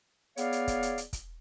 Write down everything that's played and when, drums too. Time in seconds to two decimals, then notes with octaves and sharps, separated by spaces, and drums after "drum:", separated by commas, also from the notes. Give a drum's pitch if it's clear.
0.37 B3 G#4 C#5 D5 F5, drum: hi-hat
0.52 drum: hi-hat
0.68 drum: kick, hi-hat
0.83 drum: hi-hat
0.98 drum: hi-hat
1.13 drum: kick, hi-hat